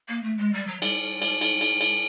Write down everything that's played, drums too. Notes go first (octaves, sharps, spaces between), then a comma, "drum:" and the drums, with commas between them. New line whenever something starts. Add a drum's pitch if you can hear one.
A#3
A3
G#3
G3
F#3
G3, drum: cymbal
drum: cymbal
drum: cymbal
drum: cymbal
drum: cymbal